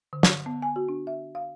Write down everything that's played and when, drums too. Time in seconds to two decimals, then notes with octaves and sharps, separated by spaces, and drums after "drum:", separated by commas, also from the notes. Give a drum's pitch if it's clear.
0.13 D3
0.23 drum: snare
0.46 B3
0.62 G#5
0.76 F#4
0.89 D4
1.07 E5
1.35 F5